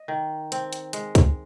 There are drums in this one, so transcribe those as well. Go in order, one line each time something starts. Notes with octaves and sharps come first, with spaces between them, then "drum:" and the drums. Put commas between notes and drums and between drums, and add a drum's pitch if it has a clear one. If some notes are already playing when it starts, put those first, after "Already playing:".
Already playing: D#5
D#3
C4, drum: hi-hat
drum: hi-hat
G#3, drum: hi-hat
drum: kick C#2, hi-hat